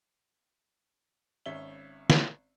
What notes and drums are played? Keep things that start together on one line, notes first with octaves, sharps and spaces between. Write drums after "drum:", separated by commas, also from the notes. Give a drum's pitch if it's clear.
G#1 C#4 E5 G7
drum: snare